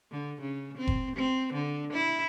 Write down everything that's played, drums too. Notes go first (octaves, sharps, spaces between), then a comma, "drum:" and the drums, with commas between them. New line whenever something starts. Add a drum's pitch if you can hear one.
D3
C#3
C4
drum: kick F1
C4
D3
E4